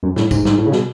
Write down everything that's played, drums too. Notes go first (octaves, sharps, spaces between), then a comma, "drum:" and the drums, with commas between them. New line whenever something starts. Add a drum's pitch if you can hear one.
F#2
A2, drum: snare
G#2, drum: kick, tambourine
G#2, drum: snare
A2
C#3
B2, drum: snare